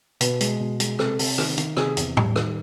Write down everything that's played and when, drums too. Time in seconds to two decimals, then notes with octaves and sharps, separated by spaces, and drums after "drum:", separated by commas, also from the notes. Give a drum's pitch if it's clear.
0.21 B2 B4, drum: hi-hat
0.41 G#3, drum: hi-hat
0.60 B2
0.80 G#3, drum: hi-hat
0.99 C3 A4, drum: rim click
1.19 C3, drum: open hi-hat
1.38 D#3, drum: rim click
1.58 D#3, drum: hi-hat
1.77 C3 G#4, drum: rim click
1.97 E2, drum: hi-hat
2.17 G3, drum: tom A2
2.36 D#3, drum: rim click